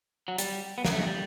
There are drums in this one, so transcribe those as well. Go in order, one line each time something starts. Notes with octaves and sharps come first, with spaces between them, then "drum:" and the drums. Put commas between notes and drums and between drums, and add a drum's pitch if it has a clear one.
F#3
G3, drum: hi-hat
B3
A#3, drum: snare
A3
G#3
G3